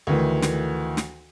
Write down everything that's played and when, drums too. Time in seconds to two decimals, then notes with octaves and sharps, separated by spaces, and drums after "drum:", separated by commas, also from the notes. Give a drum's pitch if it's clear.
0.07 D2 D#3 E3
0.42 drum: snare
0.97 drum: snare